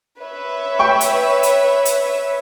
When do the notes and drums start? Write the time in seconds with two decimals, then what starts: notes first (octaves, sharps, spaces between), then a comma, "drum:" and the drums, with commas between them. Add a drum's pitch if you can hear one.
0.19 B4 C#5 E5
0.79 G5 C#6
1.01 drum: hi-hat
1.43 drum: hi-hat
1.85 drum: hi-hat